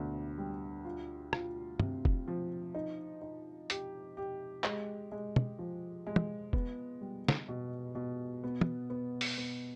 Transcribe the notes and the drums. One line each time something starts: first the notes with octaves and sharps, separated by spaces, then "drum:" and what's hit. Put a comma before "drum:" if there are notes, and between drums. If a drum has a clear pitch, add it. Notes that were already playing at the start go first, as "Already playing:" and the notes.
Already playing: D2 B3
G3
F4
F4, drum: rim click
C3, drum: tom
drum: kick
F3
D#4
D#4
G4, drum: hi-hat
G4
G#3, drum: clap
G#3
drum: tom
F3
G#3
drum: tom
B3, drum: kick
G3
drum: snare
B2
B2
B3
drum: tom
B3
drum: open hi-hat
B3